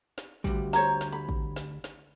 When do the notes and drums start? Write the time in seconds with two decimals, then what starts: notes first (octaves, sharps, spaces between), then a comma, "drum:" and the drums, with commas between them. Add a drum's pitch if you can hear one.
0.18 drum: snare
0.44 D2 G3, drum: kick
0.73 C5 C#5 A#5, drum: snare
1.01 drum: snare
1.12 B5
1.29 drum: kick
1.56 drum: snare
1.84 drum: snare